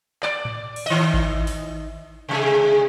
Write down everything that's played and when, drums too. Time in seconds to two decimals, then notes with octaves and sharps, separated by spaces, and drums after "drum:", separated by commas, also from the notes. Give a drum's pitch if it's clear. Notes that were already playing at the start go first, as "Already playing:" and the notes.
0.23 D5, drum: clap
0.45 drum: tom A2
0.76 drum: cymbal
0.86 D#3 D#5
1.14 drum: kick G#1
1.47 drum: open hi-hat
2.29 C3 G#3 G#4